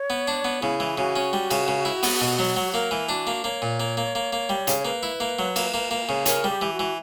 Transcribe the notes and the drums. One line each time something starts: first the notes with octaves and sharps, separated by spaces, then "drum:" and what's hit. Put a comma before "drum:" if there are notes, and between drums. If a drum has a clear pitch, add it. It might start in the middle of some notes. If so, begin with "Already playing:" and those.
Already playing: C#5
B3
D4
B3
C#3 E4
E3
C#3 F#4
C#4
G3
C#3, drum: cymbal
C#3
E4
B3, drum: open hi-hat
B2
F#3
F#3
A#3 A#4
E3
D4 F#4
A#3
A#3 C#5
A#2
A#3
A#3
A#3
A#3
G3
C#3, drum: hi-hat
C#5
A#3 B4
E4
A#3
F#3
A#3, drum: cymbal
A#3
A#3
C#3
C#4 A#4, drum: hi-hat
G3
G4
E3
F#4
E3